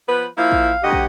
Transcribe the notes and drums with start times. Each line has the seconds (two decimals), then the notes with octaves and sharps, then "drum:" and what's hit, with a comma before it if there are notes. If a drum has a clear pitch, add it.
0.08 F3 B3 B4
0.38 F3 A#3 E4 F5
0.51 drum: kick
0.83 D2 G4 D#5 F#5
0.92 drum: kick